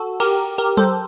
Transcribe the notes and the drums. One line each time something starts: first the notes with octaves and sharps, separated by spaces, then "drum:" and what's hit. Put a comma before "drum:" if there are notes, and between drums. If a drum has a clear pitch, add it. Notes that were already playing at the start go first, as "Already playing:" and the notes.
Already playing: F#4 A4
G4 A#4, drum: cymbal
G4 A#4
A4 C5, drum: tom F#3